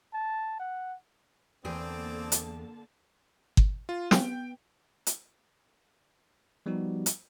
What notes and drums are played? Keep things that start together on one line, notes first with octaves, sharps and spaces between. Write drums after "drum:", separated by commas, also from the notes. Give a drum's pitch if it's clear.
A5
F#5
E2 D3 A#3 C4 G#4 D5 G5 A5
drum: hi-hat
drum: kick G1
F4
B3 G5, drum: snare
drum: hi-hat
F3 G3 B3 D#4 F#4 G4
drum: hi-hat